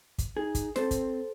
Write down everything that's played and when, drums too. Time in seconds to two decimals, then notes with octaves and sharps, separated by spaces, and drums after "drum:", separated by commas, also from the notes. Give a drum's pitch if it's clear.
0.18 drum: kick, hi-hat
0.37 D#4 G#4
0.55 drum: kick, hi-hat
0.76 C4 A4 C5, drum: snare
0.91 drum: kick, hi-hat